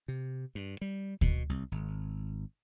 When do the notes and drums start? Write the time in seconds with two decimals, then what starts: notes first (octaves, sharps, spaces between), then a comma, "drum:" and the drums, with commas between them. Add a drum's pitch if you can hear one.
0.08 C3
0.55 G2
0.81 G3
1.21 B2, drum: kick D2
1.49 C2
1.72 G#1